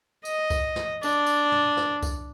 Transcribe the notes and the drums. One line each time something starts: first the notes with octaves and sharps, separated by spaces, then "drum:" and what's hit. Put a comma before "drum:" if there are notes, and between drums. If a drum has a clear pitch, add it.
D#5, drum: tambourine
drum: kick C2, tambourine
drum: snare
D4, drum: tambourine
drum: tambourine
drum: tom
drum: snare
drum: kick C2, tambourine